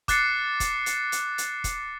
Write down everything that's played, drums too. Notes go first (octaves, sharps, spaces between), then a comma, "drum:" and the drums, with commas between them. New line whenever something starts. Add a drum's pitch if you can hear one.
D6 F#6 A6 C7 C#7, drum: kick, hi-hat
drum: kick, hi-hat
drum: hi-hat
drum: hi-hat
drum: hi-hat
drum: kick, hi-hat